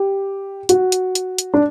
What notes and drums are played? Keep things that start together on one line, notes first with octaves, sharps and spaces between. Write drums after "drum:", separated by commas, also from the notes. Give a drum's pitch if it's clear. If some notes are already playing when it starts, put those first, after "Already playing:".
Already playing: G4
F#4, drum: hi-hat
drum: hi-hat
drum: hi-hat
drum: hi-hat
D4